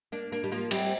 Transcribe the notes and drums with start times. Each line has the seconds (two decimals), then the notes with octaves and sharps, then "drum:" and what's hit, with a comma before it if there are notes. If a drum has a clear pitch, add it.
0.12 A#3 D4
0.32 A#3 D4
0.44 G3
0.52 F3 A#3
0.71 G3 C4, drum: cymbal